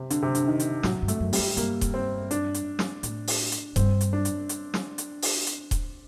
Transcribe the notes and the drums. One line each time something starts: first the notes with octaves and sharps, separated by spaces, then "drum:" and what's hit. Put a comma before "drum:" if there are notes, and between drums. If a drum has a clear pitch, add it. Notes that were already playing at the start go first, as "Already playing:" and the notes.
Already playing: C3
D3, drum: hi-hat
C3
D3, drum: hi-hat
D#3
drum: hi-hat
A2 F#3, drum: snare
G2
A3, drum: hi-hat
F#2
G3, drum: open hi-hat
G2
G2 A#3, drum: hi-hat
drum: kick D#1, hi-hat
C4
D4, drum: hi-hat
drum: hi-hat
drum: snare
A2, drum: hi-hat
drum: open hi-hat
drum: hi-hat
G2 C4, drum: kick D#1, hi-hat
drum: hi-hat
D4
drum: hi-hat
drum: hi-hat
drum: snare
drum: hi-hat
drum: open hi-hat
drum: hi-hat
drum: kick D#1, hi-hat